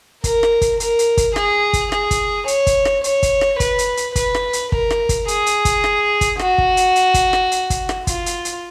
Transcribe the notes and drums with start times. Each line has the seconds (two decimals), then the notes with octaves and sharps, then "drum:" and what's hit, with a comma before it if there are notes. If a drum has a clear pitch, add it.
0.24 A#4, drum: kick, hi-hat
0.43 drum: rim click
0.61 drum: kick, hi-hat
0.80 A#4, drum: hi-hat
0.99 drum: hi-hat
1.17 drum: kick, hi-hat
1.36 G#4, drum: rim click
1.73 drum: kick, hi-hat
1.92 G#4, drum: rim click
2.11 drum: kick, hi-hat
2.48 C#5, drum: hi-hat
2.67 drum: kick, hi-hat
2.85 drum: rim click
3.04 C#5, drum: hi-hat
3.23 drum: kick, hi-hat
3.41 drum: rim click
3.60 B4, drum: kick, hi-hat
3.79 drum: hi-hat
3.97 drum: hi-hat
4.16 B4, drum: kick, hi-hat
4.35 drum: rim click
4.53 drum: hi-hat
4.72 A#4, drum: kick
4.90 drum: rim click
5.09 drum: kick, hi-hat
5.28 G#4, drum: hi-hat
5.46 drum: hi-hat
5.65 drum: kick, hi-hat
5.84 drum: rim click
6.21 drum: kick, hi-hat
6.39 F#4, drum: rim click
6.58 drum: kick
6.77 drum: hi-hat
6.96 drum: hi-hat
7.14 drum: kick, hi-hat
7.33 drum: rim click
7.52 drum: hi-hat
7.70 drum: kick, hi-hat
7.89 drum: rim click
8.07 F4, drum: kick, hi-hat
8.26 drum: hi-hat
8.45 drum: hi-hat